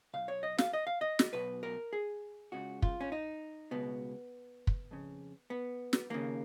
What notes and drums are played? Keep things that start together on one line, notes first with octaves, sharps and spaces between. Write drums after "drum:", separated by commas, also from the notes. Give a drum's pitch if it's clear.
B1 B2 F5
C#5
D#5
F5, drum: snare
D#5
F5
D#5
drum: snare
B1 B2 B4
A#4
G#4
C#2 C#3 F#4
F4, drum: kick
C#4
D#4
C#2 B2 B3
drum: kick
F2 C#3
B3
drum: snare
D#2 C#3 A#3